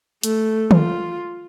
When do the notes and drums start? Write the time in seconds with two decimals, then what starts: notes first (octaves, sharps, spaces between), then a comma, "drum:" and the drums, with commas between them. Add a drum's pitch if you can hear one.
0.23 A3, drum: hi-hat
0.71 F4, drum: tom